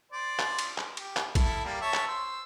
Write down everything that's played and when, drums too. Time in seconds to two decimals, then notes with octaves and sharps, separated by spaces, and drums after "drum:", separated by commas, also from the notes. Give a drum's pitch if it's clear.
0.12 C5 D5
0.39 drum: clap
0.59 drum: cymbal
0.78 drum: clap
0.97 G4, drum: cymbal
1.17 drum: clap
1.35 E4 A4, drum: kick, cymbal
1.64 G3 A#3 G4
1.81 C#5 E5 A5
1.94 drum: clap
2.08 C5 E6